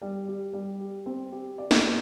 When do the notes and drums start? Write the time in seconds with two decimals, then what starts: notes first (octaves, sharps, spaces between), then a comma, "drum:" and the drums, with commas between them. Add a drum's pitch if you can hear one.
0.02 G3
0.28 G4
0.53 G3
0.80 G4
1.06 C4
1.32 G4
1.58 D5
1.71 drum: snare
1.84 G4